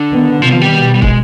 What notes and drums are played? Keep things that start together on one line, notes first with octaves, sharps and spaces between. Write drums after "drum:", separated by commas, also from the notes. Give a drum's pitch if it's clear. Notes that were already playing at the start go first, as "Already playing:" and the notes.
Already playing: D3
D#3 B3
C3 D#3 F3 B3
F3
G3
B2 B3
G3
G#3, drum: kick